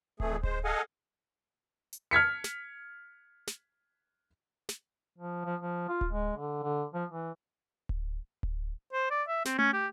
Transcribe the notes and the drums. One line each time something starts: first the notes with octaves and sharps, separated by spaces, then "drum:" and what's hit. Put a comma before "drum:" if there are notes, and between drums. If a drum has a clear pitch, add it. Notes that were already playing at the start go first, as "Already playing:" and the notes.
F2 E3 A3 G#4, drum: kick D1
G#3 C5, drum: kick D1
G#4 A4 D#5 F5 F#5 G#5
drum: hi-hat
F6 G#6 B6 C#7
drum: snare
drum: snare
drum: snare
F3
F3
F3
F4
drum: kick D1
G#3
D3
D3
F3
E3
drum: kick D1
drum: kick D1
C5
D5
E5
C4, drum: snare
C#4, drum: tom A3
G4